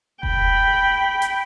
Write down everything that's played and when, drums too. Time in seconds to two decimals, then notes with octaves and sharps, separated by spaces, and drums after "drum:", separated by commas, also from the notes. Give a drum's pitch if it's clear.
0.23 G5 B5, drum: kick E1
1.22 drum: hi-hat